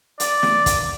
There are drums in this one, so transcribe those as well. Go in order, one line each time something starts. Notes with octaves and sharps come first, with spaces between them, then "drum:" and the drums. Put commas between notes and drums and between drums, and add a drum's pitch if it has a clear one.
D5, drum: hi-hat
drum: snare
drum: kick, hi-hat